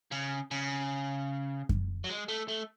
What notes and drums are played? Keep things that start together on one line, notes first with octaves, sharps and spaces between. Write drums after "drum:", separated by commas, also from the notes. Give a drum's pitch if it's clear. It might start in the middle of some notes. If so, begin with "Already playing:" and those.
C#3
C#3
drum: kick F#2
F#3
G#3
A3
A3